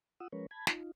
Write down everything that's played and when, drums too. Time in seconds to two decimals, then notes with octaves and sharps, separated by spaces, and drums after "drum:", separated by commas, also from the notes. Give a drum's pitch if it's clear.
0.20 F4 F#5 D#6 E6
0.32 F3 G#3 C#4 A#4 B4 C#5
0.51 A5 B5 G#6
0.67 D#4 F4, drum: snare